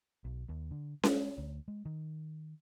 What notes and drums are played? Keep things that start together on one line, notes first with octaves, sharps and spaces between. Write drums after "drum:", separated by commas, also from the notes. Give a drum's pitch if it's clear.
B1
D#2
D3
G#3, drum: snare C#4
D2
G#3
D#3